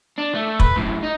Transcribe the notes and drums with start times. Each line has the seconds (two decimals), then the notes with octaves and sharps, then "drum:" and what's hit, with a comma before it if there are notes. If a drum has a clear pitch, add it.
0.18 D4
0.35 A3
0.60 B4, drum: kick
0.76 F#2 A2
1.03 D#4